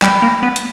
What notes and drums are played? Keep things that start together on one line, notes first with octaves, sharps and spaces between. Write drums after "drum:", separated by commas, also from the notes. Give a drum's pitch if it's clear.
G3 G5 B5, drum: clap
A#3
B3
drum: hi-hat